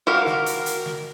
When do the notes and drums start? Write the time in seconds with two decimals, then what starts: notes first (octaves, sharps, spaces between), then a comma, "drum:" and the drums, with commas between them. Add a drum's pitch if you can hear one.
0.07 F#4 G4 A#4 F5
0.27 drum: snare
0.46 drum: hi-hat
0.66 drum: hi-hat
0.86 drum: snare